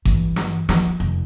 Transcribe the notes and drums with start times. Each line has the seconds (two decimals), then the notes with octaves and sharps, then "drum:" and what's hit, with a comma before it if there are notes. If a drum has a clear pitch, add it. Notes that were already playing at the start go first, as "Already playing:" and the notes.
0.05 G2 E3, drum: kick G#1
0.36 drum: snare
0.69 F3, drum: snare
1.00 F1